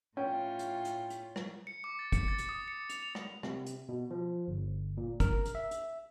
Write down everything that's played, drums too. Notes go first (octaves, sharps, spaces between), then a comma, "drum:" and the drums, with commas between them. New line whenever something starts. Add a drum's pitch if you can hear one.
A2 C#4 F4 G5
drum: hi-hat
drum: hi-hat
drum: hi-hat
drum: rim click
C#7
D6
A6
C#7, drum: kick, hi-hat
A6
drum: hi-hat
D#6
C#7
F7, drum: hi-hat
F7
drum: rim click
C3, drum: rim click
drum: hi-hat
B2
F3
G1
A#2
A#4, drum: kick, hi-hat
drum: hi-hat
E5
drum: hi-hat